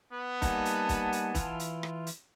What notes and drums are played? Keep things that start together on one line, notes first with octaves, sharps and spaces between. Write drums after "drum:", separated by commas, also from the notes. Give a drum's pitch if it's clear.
B3
G3 A#3 D#4 F#5 G#5 A5, drum: kick, hi-hat
drum: hi-hat
drum: kick, hi-hat
drum: hi-hat
E3 E4 F4, drum: kick, hi-hat
drum: hi-hat
drum: rim click
drum: hi-hat